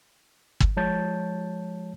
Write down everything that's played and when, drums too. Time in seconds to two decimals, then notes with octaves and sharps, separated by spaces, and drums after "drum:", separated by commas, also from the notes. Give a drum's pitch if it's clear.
0.60 drum: kick
0.77 F3 G#3 C#5 A5 G6 A6